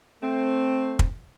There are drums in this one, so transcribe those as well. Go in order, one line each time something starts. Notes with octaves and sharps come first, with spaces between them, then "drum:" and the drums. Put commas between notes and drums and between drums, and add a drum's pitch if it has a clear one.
A3 C4
drum: kick